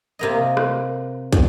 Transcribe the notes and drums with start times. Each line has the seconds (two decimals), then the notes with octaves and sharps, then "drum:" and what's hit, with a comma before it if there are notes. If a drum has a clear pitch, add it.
0.19 C3 A#3 D#5
0.57 drum: rim click
1.33 drum: kick, hi-hat